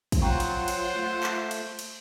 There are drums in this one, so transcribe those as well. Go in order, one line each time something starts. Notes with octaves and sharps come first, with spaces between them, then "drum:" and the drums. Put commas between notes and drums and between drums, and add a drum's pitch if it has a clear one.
drum: kick, cymbal
F#3 F4 C5 F#5 G5 A#5 C#6
drum: cymbal
drum: cymbal
A3
drum: clap
drum: cymbal
drum: cymbal